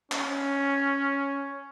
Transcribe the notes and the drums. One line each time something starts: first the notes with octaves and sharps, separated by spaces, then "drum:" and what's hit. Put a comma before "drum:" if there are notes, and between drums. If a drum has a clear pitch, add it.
C#4, drum: clap